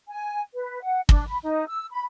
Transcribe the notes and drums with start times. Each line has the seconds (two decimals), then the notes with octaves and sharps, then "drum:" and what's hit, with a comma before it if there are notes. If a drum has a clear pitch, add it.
0.08 G#5
0.53 B4
0.83 F#5
1.09 D4, drum: kick
1.27 B5
1.42 D#4
1.67 E6
1.91 B5